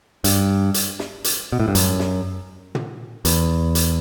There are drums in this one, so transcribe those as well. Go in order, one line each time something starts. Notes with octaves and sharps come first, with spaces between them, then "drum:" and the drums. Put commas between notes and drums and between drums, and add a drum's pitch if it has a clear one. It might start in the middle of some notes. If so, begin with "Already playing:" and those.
G2, drum: hi-hat
drum: hi-hat
drum: snare
drum: hi-hat
B2
A2
G2
F#2, drum: hi-hat
drum: snare
drum: tom
E2, drum: hi-hat
drum: hi-hat